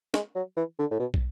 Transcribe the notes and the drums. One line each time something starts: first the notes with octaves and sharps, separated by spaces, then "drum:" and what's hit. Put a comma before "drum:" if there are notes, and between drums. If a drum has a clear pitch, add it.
G#3, drum: snare
F#3
E3
D3
A2
B2
drum: kick